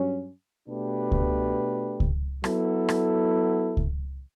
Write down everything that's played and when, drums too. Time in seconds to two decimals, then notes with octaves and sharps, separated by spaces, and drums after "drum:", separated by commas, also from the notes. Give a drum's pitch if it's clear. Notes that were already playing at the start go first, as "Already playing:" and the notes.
Already playing: G2 F#3 C#4
0.68 B2 A3 D4 G4 B4
1.12 drum: kick C#2
2.00 drum: kick C#2
2.44 F#3 B3 E4 A4, drum: rim click
2.89 drum: rim click
3.77 drum: kick C#2